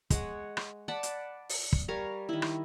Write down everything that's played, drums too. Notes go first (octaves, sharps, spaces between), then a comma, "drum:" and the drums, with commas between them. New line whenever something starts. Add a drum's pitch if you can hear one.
G#3 C#5 F#5, drum: kick, hi-hat
drum: rim click
D5 F#5 A5 B5
drum: hi-hat
drum: open hi-hat
drum: kick
G3 A#4 C#5 F5
D#3 E4
drum: rim click